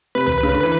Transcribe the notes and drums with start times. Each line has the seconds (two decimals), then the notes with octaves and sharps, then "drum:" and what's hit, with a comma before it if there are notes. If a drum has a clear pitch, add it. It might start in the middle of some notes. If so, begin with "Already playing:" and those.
0.15 C3 B4
0.27 drum: tom C#2
0.43 C#3
0.53 D3
0.63 E3